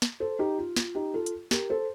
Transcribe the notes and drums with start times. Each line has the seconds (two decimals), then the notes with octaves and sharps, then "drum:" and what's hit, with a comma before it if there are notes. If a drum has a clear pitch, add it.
0.02 drum: snare
0.20 A4 C5
0.39 D#4 G4
0.59 F4
0.76 F4, drum: snare
0.95 D#4 G4
1.14 F4 A4
1.26 drum: hi-hat
1.51 G4 A#4, drum: snare
1.70 A4 C5